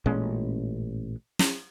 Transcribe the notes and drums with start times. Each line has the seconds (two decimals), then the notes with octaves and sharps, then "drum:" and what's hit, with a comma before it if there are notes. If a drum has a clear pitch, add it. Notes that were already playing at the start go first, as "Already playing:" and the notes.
0.06 A1 A#2 G#3 C#4
1.39 drum: snare